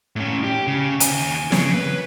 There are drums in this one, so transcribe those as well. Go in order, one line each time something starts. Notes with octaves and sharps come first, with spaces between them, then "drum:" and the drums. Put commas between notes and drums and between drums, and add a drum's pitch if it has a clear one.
A2 C#4
G4
C#3
D#2 G#5, drum: hi-hat
C#3 C#5, drum: snare
B4